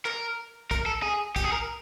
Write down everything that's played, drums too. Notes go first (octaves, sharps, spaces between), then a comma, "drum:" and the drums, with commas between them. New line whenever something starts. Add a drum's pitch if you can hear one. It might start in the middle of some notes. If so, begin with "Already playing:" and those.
A#4, drum: clap
A#4, drum: kick, hi-hat
A4
G#4
G4, drum: kick, hi-hat
G#4
A#4